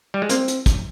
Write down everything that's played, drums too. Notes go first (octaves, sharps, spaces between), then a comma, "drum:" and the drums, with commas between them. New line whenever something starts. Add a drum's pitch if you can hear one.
G3
G#3
A#3 C4, drum: hi-hat
drum: hi-hat
drum: kick, hi-hat